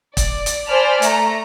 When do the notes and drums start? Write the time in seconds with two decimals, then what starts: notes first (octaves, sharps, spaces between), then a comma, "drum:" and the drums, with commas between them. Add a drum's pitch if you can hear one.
0.17 D5, drum: kick, hi-hat
0.46 drum: hi-hat
0.68 C5 D5 G#5 A5 B5 F6
1.02 A3 A#5, drum: hi-hat